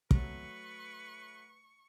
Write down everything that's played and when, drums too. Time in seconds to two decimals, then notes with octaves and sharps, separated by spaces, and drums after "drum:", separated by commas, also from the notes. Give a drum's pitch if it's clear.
0.11 F#3 A3 B4 C#6, drum: kick